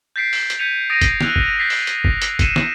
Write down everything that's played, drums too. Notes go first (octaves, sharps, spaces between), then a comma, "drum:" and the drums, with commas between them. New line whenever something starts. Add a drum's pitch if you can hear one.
G6 A6 B6 C7 D7
drum: open hi-hat
drum: hi-hat
G6 G#6 B6 C#7 D#7 F7
D#6 A6 A#6 D7 D#7
drum: kick G1, hi-hat
E6 F#6 F7, drum: snare
drum: kick G1
F#6 G6 A6 B6 C7
drum: open hi-hat
drum: hi-hat
drum: kick G1
drum: hi-hat
C#7 D#7 E7, drum: kick G1, hi-hat
drum: snare